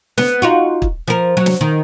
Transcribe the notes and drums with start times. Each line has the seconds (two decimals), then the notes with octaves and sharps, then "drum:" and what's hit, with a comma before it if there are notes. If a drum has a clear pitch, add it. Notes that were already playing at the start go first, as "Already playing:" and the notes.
0.18 B3, drum: snare
0.42 D#4 F4 F#4
0.82 drum: kick
1.08 F3 A#4
1.37 F#3
1.46 drum: snare
1.61 D#3